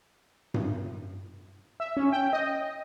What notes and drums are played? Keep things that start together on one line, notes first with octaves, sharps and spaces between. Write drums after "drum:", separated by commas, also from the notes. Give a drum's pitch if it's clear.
drum: tom G2
E5
C#4
G5
D#5